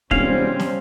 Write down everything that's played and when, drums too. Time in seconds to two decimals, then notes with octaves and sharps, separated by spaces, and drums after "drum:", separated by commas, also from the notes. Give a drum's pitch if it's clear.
0.11 E1 C3 G3 C4 C#4 F5, drum: kick
0.60 drum: snare